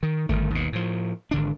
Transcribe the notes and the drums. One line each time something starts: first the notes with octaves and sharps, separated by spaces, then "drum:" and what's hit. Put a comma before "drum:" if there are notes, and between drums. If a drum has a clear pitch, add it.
D#3
G1 D#3 A3, drum: kick G#1
D#2 B2
A2 F3
G#1 D3 D4